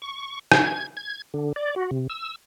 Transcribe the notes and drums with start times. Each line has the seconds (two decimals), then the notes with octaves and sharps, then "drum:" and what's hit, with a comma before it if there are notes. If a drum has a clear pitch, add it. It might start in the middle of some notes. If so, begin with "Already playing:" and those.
0.02 C#6
0.52 drum: rim click
0.64 G#6
0.97 G#6
1.34 D3
1.56 D5
1.76 F#4
1.91 C3
2.10 E6